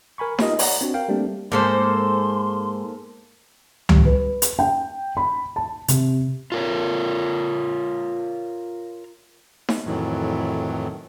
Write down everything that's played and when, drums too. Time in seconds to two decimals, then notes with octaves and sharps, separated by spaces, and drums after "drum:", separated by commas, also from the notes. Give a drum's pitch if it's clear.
0.18 A#4 G#5 B5 C#6
0.39 D#4 F4 G4 A#4 D#5, drum: snare D#4
0.59 C#5 D5 F#5 A#5, drum: open hi-hat
0.81 C4 D4 F#4
0.94 A#4 F5 G5
1.08 G3 A3 A#3 C4 D4 G4
1.52 G#2 A#3 A4 C5 C6
3.89 G3, drum: tom C#2
4.05 B4
4.42 drum: hi-hat
4.59 G5
5.17 B5
5.56 A5
5.88 C3, drum: hi-hat
6.52 F4 A#4 C#5
9.69 drum: snare D#4
9.86 F2 A2 D#3 E3 F#3